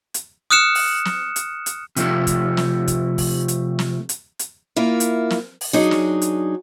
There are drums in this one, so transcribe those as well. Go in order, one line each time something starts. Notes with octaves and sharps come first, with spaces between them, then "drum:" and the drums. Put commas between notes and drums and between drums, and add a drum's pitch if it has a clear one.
drum: hi-hat
D#6 F6 F#6 C#7 E7
drum: open hi-hat
drum: snare
drum: hi-hat
drum: hi-hat
C3 F3 A3, drum: hi-hat
drum: kick, hi-hat
drum: snare
drum: kick, hi-hat
drum: kick, open hi-hat
drum: hi-hat
drum: snare
drum: hi-hat
drum: hi-hat
A#3 E4 F4
drum: hi-hat
drum: snare
drum: open hi-hat
F#3 D4 D#4 G#4
drum: snare
drum: hi-hat